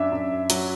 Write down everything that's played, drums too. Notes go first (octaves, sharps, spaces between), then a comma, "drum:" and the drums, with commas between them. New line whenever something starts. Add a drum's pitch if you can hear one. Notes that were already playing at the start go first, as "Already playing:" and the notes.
Already playing: F#2 D4 E5
F#2
F#3, drum: hi-hat